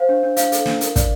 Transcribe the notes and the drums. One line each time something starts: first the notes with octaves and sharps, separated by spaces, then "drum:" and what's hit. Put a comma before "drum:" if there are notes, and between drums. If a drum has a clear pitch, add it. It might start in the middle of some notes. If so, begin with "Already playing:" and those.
Already playing: C5 F5
D4
D4
D4 F5, drum: hi-hat
A4, drum: hi-hat
D4, drum: snare
A#4, drum: hi-hat
D5, drum: kick, hi-hat